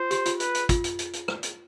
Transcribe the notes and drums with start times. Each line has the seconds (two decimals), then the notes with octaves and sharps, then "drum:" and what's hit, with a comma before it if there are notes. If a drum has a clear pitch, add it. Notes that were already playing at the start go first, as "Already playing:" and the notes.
Already playing: F4 C5
0.11 G4, drum: hi-hat
0.26 F4, drum: hi-hat
0.40 B4, drum: hi-hat
0.55 drum: hi-hat
0.69 F4, drum: kick, hi-hat
0.84 drum: hi-hat
0.99 drum: hi-hat
1.13 drum: hi-hat
1.28 drum: rim click
1.43 drum: hi-hat